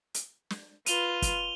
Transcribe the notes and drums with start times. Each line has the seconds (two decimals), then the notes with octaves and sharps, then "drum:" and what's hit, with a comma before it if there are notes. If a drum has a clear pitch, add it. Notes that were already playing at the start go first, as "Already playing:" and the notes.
0.14 drum: hi-hat
0.50 drum: snare
0.86 F4 B4 D#7 F7 G7, drum: hi-hat
1.22 drum: kick, hi-hat